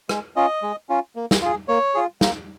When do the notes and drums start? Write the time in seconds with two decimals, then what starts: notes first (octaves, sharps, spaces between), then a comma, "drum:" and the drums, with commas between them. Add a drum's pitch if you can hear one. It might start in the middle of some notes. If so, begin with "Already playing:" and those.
0.09 G#3, drum: rim click
0.36 C#4 F4 D#5
0.62 G#3
0.89 C#4 F4
1.16 A#3
1.31 drum: snare
1.42 F4 G#4
1.68 A#3 C#5
1.94 F4 G#4
2.21 A#3, drum: snare